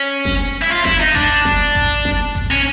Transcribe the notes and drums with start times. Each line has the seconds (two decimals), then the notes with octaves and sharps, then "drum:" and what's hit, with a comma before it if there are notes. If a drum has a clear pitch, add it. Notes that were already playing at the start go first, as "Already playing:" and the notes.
Already playing: C#4
0.25 drum: snare F#1
0.62 E4
0.71 F4
0.85 E4, drum: snare F#1
1.00 D#4
1.15 D4, drum: kick A1, hi-hat
1.45 drum: snare F#1
1.75 drum: kick A1, hi-hat
2.05 drum: snare F#1
2.35 drum: kick A1, hi-hat
2.51 C#4